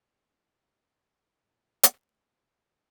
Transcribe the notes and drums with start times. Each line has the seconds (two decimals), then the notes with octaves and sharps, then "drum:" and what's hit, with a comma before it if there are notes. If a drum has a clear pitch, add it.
0.11 G#4 C#5
0.52 C3 G#3
0.85 D4
1.40 A#2
1.83 drum: hi-hat
1.95 G3 A3
2.25 F3 F4